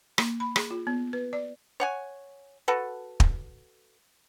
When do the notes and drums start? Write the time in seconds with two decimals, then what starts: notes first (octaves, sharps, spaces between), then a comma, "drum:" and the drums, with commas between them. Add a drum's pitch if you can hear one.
0.18 A#3, drum: rim click
0.40 B5
0.56 G#4, drum: rim click
0.71 F4
0.87 B3
1.13 B4
1.33 D5
1.80 C#5 F#5 G#5
2.68 F#4 A4 B4
3.20 drum: kick